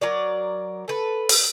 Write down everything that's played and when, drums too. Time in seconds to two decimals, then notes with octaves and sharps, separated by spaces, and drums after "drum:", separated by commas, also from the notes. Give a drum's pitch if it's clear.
0.01 F#3 A#4 D5
0.88 A4 B4
1.29 drum: open hi-hat